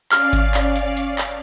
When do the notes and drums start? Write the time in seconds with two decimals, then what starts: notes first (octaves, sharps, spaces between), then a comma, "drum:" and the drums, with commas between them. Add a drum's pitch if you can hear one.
0.12 C#4 D5 F5 F6, drum: clap
0.33 drum: kick G#1, hi-hat
0.54 drum: clap
0.76 drum: hi-hat
0.97 drum: hi-hat
1.18 drum: clap